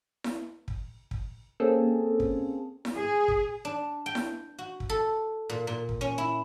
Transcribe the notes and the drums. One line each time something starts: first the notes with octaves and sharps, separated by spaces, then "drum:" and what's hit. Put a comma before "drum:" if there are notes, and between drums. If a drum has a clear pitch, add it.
drum: snare E4
drum: kick
drum: kick
A#3 C4 C#4 G#4 A4
drum: kick
drum: snare E4
G#4
drum: kick
D4
G5
drum: snare E4
F#4
drum: kick
A4
A#2
A#2
drum: kick
C#4
E4